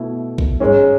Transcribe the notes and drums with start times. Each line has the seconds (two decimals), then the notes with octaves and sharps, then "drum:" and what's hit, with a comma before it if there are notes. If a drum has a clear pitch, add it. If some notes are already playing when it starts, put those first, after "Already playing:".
Already playing: B2 A3 E4
0.38 drum: kick A#1
0.60 G#2 G#3 C#4